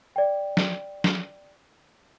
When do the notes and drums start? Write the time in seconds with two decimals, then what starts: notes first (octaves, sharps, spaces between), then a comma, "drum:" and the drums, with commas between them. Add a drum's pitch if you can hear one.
0.16 D5 G5
0.57 drum: snare
1.04 drum: snare